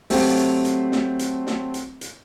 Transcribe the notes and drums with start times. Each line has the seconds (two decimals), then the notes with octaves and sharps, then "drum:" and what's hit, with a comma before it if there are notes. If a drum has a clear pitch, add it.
0.10 F#3 A3 C4 G4 C5, drum: open hi-hat
0.37 drum: hi-hat
0.65 drum: hi-hat
0.92 drum: snare
1.19 drum: hi-hat
1.47 drum: snare
1.74 drum: hi-hat
2.01 drum: hi-hat